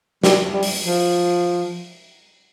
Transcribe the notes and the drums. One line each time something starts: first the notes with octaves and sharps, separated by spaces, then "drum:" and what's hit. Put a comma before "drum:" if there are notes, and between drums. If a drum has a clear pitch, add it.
G3, drum: snare
G3
drum: open hi-hat
F3